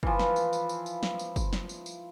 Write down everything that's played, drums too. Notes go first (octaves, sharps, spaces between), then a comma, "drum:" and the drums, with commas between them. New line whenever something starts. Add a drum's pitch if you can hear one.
E3 F3, drum: kick
drum: snare
drum: tambourine
drum: tambourine
drum: tambourine
drum: tambourine
drum: snare
drum: tambourine
drum: kick, tambourine
drum: snare
drum: tambourine
drum: tambourine